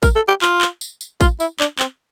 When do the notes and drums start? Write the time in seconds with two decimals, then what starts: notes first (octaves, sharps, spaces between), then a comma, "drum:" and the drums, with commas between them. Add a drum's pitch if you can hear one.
0.03 A#4, drum: kick, tambourine
0.16 A4
0.28 G4
0.42 F4, drum: clap
0.61 drum: clap
0.81 drum: tambourine
1.01 drum: tambourine
1.21 F4, drum: kick, tambourine
1.40 E4, drum: tambourine
1.60 D4, drum: clap
1.79 C4, drum: clap